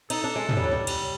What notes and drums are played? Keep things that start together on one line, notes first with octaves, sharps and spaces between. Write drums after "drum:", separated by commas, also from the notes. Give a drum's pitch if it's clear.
D#4 A4, drum: cymbal
D4
G#3
G#3, drum: tom
G3
F#3
G3
drum: cymbal